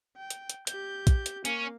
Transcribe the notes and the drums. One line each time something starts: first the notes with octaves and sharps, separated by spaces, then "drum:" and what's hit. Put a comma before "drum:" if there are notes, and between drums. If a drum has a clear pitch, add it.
G5
drum: hi-hat
drum: hi-hat
G4 G6, drum: hi-hat
drum: kick, hi-hat
drum: hi-hat
A#3 C#4 F5, drum: hi-hat